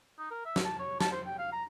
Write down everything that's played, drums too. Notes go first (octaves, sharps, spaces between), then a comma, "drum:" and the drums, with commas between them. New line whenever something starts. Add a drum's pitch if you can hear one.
D#4
A#4
E5
drum: snare
A5
C#5
A5, drum: snare
C5
G5
F5
A#5